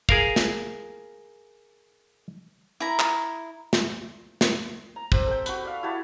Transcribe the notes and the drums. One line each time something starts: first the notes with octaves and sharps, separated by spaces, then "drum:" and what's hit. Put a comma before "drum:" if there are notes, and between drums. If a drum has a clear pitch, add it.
G#4 A#4 F5, drum: kick
drum: snare
E4 A#5
drum: clap
drum: snare
drum: snare
A#5
C4 G4, drum: kick
A4 G5
F#4 B4, drum: hi-hat
D5 F5
E4 F#4 G4 A5